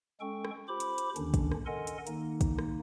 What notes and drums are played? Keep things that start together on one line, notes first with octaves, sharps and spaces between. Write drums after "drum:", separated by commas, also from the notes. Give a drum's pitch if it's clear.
G#3 C#4 A4 G5 C#6
drum: rim click
F4 G4 C5 B5 D6
drum: hi-hat
drum: hi-hat
D#2 D3 D#3 C#4 D4, drum: hi-hat
drum: kick, hi-hat
drum: rim click
A4 A#4 D#5 F#5 G#5 C6
drum: hi-hat
D#3 A#3 D#4, drum: hi-hat
drum: kick, hi-hat
drum: rim click